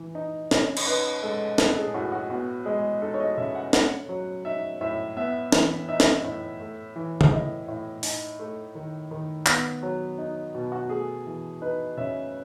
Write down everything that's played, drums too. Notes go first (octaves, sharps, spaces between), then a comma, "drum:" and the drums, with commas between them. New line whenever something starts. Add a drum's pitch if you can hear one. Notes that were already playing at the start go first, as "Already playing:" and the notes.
Already playing: E3
D#4
C#3, drum: snare
drum: cymbal
D#4 B4
G#3 A4
A2 A4, drum: snare
G#4
A2 F#4
F#4
B3 F#4
G#3 G#4
D#4 A4
C#5
D#5
C#3 E5
F#5
A3 F#5, drum: snare
F#3
D#4 E5
A2 E5
B3 E5
E3, drum: snare
D#4 E5
drum: snare
A2
A3
E3
drum: tom C#3
A2 D#5
A2
D#4, drum: open hi-hat
A3
D#3
D#3
B3, drum: clap
F#3
D#4
B2
F#4
A3 G#4
E3
D#4 B4
C#3 E5